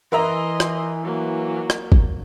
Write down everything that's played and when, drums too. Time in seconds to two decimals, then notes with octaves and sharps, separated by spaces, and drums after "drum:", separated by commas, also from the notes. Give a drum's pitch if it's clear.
0.12 E3 A#4 D#5 E5 A#5 C6
0.60 drum: rim click
1.04 F#3 A#3
1.70 drum: rim click
1.92 drum: kick